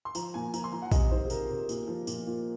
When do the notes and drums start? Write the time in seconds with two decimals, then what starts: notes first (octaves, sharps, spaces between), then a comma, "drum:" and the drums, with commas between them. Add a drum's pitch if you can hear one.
0.05 C6
0.15 F3 A#5, drum: tambourine
0.34 A#2 G#5
0.54 F3 A#5, drum: tambourine
0.64 C6
0.72 F3 A#5
0.82 F#5
0.92 C3 D#5, drum: kick, tambourine
1.11 D#3 C5
1.25 G#4
1.30 C3 A#4, drum: tambourine
1.49 C3
1.69 A#2, drum: tambourine
1.88 F3
2.07 A#2, drum: tambourine
2.27 A#2